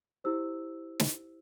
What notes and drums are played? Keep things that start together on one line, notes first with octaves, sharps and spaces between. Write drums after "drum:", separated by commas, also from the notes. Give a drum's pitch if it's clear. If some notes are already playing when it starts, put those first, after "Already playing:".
E4 G4 C5 E6
drum: snare